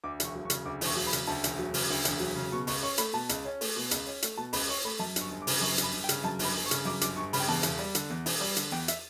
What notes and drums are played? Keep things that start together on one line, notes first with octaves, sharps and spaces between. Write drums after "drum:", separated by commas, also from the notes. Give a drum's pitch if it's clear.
D2 D6
E1 C#6, drum: hi-hat
F#3
C#6
C#3, drum: hi-hat
D2 D6
E1 C#6, drum: open hi-hat
F#3
B5
C#3, drum: hi-hat
D2 A5
E1, drum: hi-hat
F#3
C#3, drum: open hi-hat
D2
E1, drum: hi-hat
F#3
C#3
B2 C#6
C#2 C#6, drum: open hi-hat
C#4 C#6
A3 B5, drum: hi-hat
B2 A5
C#2, drum: hi-hat
C#4
A3, drum: open hi-hat
B2
C#2, drum: hi-hat
C#4
A3, drum: hi-hat
B2 A5
C#2 B5, drum: open hi-hat
C#4 C#6
A3 B5
F#2 A5
G1 C#6, drum: hi-hat
G1
D6
C#3, drum: open hi-hat
F#2 C#6
G1, drum: hi-hat
B5
G1
G5
C#3, drum: hi-hat
F#2 A5
G1, drum: open hi-hat
B5
G1
C#6
C#3, drum: hi-hat
F#2 D6
G1 D6, drum: hi-hat
G1 C#6
C#3 B5, drum: open hi-hat
G5
E2 A5
E1, drum: hi-hat
G3
D3, drum: hi-hat
E2
E1, drum: open hi-hat
G3
D3, drum: hi-hat
E2 G5
E5, drum: hi-hat